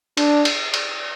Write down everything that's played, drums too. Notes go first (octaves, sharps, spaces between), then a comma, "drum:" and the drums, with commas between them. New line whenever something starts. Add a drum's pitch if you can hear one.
D4, drum: cymbal
drum: cymbal
drum: cymbal